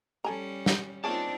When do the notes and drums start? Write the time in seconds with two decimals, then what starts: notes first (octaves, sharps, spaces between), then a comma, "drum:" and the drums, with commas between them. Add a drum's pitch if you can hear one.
0.24 G3 C#4 A4 G#5 A#5
0.66 drum: snare
1.04 A#3 C4 C#4 D#4 F4 G#4 D5 A5